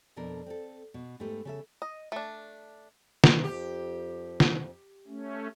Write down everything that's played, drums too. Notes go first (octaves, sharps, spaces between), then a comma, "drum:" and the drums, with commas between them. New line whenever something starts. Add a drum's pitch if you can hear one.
F2 B2 D4 A4 A#4
C4 A4
B2
G#2 A3 D#4 G4 B4
C#3 A4 E5
D#5
A3 D4
drum: snare
F2 G4
drum: snare
A3 C#4